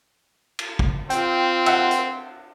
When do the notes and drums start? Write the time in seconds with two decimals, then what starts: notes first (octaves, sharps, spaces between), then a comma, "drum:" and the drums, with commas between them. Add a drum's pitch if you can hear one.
0.59 drum: cymbal
0.79 drum: kick
1.10 C4 F4 G5, drum: hi-hat
1.66 E5 F#5, drum: cymbal
1.91 drum: hi-hat